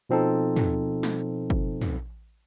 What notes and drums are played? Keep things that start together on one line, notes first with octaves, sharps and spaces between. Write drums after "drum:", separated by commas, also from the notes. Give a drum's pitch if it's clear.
B2 F3 C4 D#4 A4
drum: tom
drum: snare
drum: kick
drum: tom